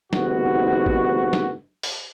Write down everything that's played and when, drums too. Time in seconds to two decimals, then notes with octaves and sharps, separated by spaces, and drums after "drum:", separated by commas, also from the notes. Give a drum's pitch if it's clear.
0.13 F#1 D#2 G#2 C3 B3 F#4, drum: snare
0.86 drum: kick G#1
1.33 drum: snare
1.83 drum: open hi-hat